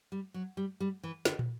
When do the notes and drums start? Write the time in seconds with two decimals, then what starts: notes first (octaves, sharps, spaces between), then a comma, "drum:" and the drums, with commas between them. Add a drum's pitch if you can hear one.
0.12 G3
0.34 F#3
0.57 G3
0.80 G3
1.03 E3
1.25 D3, drum: snare
1.39 drum: tom